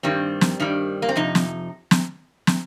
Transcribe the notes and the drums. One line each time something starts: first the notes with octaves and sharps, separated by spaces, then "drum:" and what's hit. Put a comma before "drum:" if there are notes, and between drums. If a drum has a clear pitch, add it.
G2 D#3 G3 C4
drum: snare
G2 D#3 G3
A#3
C4
F2 C3 D#4
drum: snare
drum: snare
drum: snare